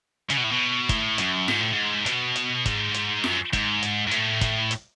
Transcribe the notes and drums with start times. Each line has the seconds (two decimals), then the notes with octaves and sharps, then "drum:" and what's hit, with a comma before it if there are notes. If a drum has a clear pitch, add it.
0.30 C#3, drum: hi-hat
0.37 B2
0.44 A2
0.51 B2
0.89 A2, drum: kick, hi-hat
1.18 F#2, drum: hi-hat
1.48 G#2, drum: snare F4
1.61 A2
1.73 G#2
2.06 B2, drum: hi-hat
2.36 drum: hi-hat
2.66 G#2, drum: kick, hi-hat
2.94 drum: hi-hat
3.24 F#2, drum: snare F4
3.53 G#2, drum: kick, hi-hat
3.82 drum: hi-hat
4.07 G#2
4.11 A2, drum: hi-hat
4.41 drum: kick, hi-hat
4.71 drum: hi-hat